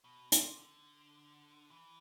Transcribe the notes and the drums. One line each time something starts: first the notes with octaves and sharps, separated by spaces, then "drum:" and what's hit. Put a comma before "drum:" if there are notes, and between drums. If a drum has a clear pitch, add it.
B2
C3, drum: hi-hat
D3
E3